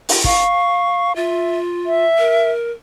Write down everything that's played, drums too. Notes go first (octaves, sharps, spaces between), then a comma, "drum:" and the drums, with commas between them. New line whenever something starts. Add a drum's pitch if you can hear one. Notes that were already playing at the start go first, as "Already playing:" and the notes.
drum: open hi-hat
F5 C#6, drum: kick
F4 E5
E5
A#4